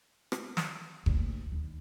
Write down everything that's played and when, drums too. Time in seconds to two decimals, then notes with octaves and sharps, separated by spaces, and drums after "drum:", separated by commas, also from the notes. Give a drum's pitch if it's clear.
0.32 drum: rim click
0.57 drum: snare
1.06 D2 A#3, drum: kick G1
1.52 D#2